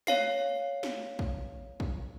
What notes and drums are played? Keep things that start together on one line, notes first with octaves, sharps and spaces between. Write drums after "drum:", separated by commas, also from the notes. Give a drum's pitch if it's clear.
C#5 F5 C7, drum: snare
drum: snare
drum: kick
drum: kick